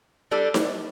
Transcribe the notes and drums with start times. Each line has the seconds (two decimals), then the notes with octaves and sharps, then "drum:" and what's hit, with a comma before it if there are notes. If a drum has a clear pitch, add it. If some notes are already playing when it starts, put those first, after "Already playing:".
0.32 G3 D4 A4
0.54 drum: snare D#4